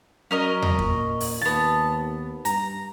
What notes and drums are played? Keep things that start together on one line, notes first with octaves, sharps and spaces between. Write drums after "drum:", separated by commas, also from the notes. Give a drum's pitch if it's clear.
F#3 C#4 A#4 D#5
drum: tom E2
A#2, drum: kick
drum: open hi-hat
D#2 B3 A5
G2 A#5, drum: hi-hat